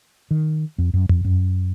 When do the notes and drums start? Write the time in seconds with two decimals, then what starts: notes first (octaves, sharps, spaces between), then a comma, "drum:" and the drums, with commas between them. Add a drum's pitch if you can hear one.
0.31 D#3
0.78 F2
0.94 F#2
1.09 F2, drum: tom F2
1.25 F#2